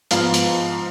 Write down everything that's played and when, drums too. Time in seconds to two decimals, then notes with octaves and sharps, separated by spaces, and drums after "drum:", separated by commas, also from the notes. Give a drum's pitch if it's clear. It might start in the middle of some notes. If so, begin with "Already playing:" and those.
0.11 G#2 F3 B3 F5, drum: hi-hat
0.34 drum: hi-hat